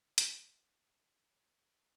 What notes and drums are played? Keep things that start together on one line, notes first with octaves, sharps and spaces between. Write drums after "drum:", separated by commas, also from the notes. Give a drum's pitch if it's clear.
G#3 G#4 G#6, drum: hi-hat
D4 C#5 G#5